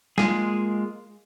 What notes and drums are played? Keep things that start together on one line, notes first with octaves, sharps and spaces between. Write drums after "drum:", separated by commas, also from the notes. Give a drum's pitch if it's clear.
G#3 A#3 F4 G#4, drum: snare